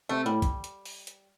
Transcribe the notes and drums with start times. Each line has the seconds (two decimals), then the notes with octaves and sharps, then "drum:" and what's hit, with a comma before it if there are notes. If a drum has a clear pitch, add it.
0.09 C3 A3
0.26 A2 G3
0.42 drum: kick, hi-hat
0.64 drum: hi-hat
0.86 drum: open hi-hat
1.07 drum: hi-hat